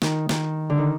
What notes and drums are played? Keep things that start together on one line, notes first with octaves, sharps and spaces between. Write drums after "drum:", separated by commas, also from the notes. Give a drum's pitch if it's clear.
D#3, drum: snare
D#3, drum: snare
D3
D#3